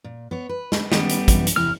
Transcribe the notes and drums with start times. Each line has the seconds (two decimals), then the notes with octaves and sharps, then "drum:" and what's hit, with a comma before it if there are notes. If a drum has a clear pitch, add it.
0.04 A#2
0.31 B3 C#5
0.49 B4
0.72 drum: snare
0.92 D#3 G3 B3 C#4, drum: snare
1.09 drum: hi-hat
1.28 F#2 C3 E3, drum: kick, hi-hat
1.47 drum: hi-hat
1.56 E2 C3 E4 F6